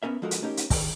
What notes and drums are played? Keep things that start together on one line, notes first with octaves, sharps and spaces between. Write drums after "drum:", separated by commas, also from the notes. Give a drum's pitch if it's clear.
B3 C#4 A#4 E5
F3 G#3 F#4 A4 A#4
drum: hi-hat
A3 C#4 D#4 G4 A#4
drum: hi-hat
D#3, drum: kick, open hi-hat